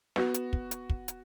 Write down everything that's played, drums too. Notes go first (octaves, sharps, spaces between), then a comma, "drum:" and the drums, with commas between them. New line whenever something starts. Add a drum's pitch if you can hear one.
B3 F#4, drum: snare
drum: hi-hat
drum: kick
drum: hi-hat
drum: kick
drum: hi-hat